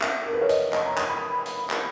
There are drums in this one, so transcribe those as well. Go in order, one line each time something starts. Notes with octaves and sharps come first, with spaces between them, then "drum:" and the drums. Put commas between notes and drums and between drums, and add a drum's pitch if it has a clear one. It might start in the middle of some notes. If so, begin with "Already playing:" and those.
E5, drum: clap
A#4
B4
C#5
D#5, drum: hi-hat
D#5, drum: clap
A#5
D#6, drum: clap
B5
drum: hi-hat
drum: clap